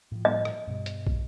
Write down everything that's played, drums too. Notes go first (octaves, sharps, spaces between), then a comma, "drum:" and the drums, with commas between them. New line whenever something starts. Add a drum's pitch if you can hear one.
A2 F3
D#5
drum: rim click
G2 B2 G3
drum: hi-hat
drum: kick